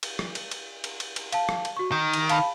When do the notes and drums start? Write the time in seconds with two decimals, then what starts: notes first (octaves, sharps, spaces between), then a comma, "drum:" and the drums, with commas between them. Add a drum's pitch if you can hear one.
0.03 drum: cymbal
0.19 drum: rim click
0.35 drum: cymbal
0.51 drum: cymbal
0.84 drum: cymbal
1.00 drum: cymbal
1.16 drum: cymbal
1.32 F5 A5, drum: cymbal
1.49 drum: rim click
1.65 drum: cymbal
1.77 F#4 C#6
1.92 D#3 G6
2.13 drum: cymbal
2.29 F5 A5 B5, drum: cymbal